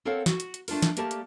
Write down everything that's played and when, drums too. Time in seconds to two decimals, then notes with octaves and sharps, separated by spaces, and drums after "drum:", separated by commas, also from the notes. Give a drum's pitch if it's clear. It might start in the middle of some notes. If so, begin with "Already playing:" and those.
0.05 C4 A4 A#4 C#5 F5 F#5
0.26 F#4, drum: snare
0.40 drum: hi-hat
0.54 drum: hi-hat
0.68 A3 D4 F4 A#4, drum: open hi-hat
0.82 drum: snare
0.97 A3 A#3 G4 A#4 D5 A5, drum: hi-hat
1.11 drum: hi-hat